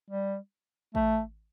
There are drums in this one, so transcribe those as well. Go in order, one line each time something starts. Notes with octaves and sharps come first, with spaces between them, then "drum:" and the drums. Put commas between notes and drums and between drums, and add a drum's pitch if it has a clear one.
G3
A3, drum: kick A1